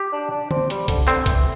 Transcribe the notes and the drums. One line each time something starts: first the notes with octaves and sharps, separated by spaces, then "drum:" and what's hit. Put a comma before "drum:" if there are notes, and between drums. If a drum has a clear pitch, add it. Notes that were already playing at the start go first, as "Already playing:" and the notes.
Already playing: G4
D4
D4
C4, drum: tom D3
G3, drum: hi-hat
D3, drum: kick B1, hi-hat
D3 C4, drum: clap
E3, drum: kick B1, hi-hat